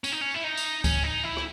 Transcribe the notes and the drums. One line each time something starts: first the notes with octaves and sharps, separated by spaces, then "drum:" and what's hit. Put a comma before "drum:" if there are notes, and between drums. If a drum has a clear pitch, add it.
C#4, drum: tambourine
D#4
C#4
E4
D#4
drum: tambourine
C#4, drum: kick C#2, tambourine
D#4
E4
drum: rim click